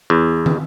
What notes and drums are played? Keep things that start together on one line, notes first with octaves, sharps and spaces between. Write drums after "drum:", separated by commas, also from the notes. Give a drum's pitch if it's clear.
E2
drum: tom